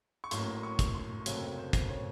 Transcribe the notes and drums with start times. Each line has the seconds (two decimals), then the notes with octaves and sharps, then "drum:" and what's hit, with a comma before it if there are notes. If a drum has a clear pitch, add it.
0.24 C#6
0.31 A1 A2 F#3 A#3 C6, drum: hi-hat
0.63 C#6
0.79 drum: kick, hi-hat
0.95 C6
1.26 F#1 F2 C3 F#3 A3 C#5, drum: hi-hat
1.58 C5
1.73 drum: kick, hi-hat
1.89 C#5